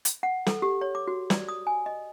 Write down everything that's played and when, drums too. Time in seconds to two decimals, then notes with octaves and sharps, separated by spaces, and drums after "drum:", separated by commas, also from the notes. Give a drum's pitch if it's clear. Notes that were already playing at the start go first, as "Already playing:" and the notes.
0.05 drum: hi-hat
0.23 F#5
0.47 A4, drum: snare
0.62 G4
0.81 C#5
0.95 D6
1.07 F#4
1.30 D5, drum: snare
1.49 D#6
1.67 G#5
1.86 D#5